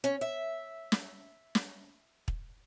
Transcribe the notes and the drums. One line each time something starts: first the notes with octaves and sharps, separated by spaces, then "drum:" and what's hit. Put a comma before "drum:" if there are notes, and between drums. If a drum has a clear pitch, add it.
C#4
E5
drum: snare
drum: snare
drum: kick